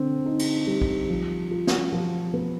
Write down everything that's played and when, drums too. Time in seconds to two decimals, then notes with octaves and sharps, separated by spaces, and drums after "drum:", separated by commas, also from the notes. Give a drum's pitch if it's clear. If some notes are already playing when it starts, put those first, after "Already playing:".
Already playing: D3 C4
0.26 D#4
0.39 drum: cymbal
0.67 G3
0.82 drum: kick B1
1.09 F3
1.51 F4
1.67 drum: snare
1.92 F3
2.34 B3